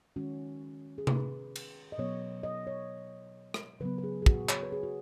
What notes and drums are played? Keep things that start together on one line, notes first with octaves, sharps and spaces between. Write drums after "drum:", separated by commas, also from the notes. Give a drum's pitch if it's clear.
D#3 G#3 C#4 F#4
G#4
B4, drum: tom C3
drum: cymbal
D#5
B2 F#3 B3 C#5
D#5
C#5
drum: rim click
C#3 F#3 B3 B4
B4
G#4
G#4
F#4, drum: kick
C#5, drum: clap
B4
G#4
F#4